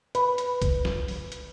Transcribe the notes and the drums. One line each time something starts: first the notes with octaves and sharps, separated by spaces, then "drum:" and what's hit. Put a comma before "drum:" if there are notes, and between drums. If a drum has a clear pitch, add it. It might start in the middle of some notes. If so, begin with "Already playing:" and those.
B4, drum: hi-hat
drum: hi-hat
drum: kick B1, hi-hat
drum: snare
drum: open hi-hat
drum: hi-hat